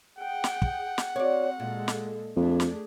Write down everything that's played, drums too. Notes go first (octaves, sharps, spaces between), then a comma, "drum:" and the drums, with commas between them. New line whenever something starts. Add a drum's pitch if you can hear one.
G#4 F#5 G5
drum: snare
drum: kick
drum: snare
C4 F#4 C#5 D5
A#2 G#3 A4
drum: snare
F2 A3 D4 G#4
drum: snare